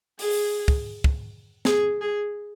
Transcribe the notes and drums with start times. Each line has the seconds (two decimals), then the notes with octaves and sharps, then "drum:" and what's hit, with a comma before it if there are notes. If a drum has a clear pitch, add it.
0.19 G#4, drum: open hi-hat
0.68 drum: kick
1.04 drum: kick
1.65 G#4, drum: snare
2.01 G#4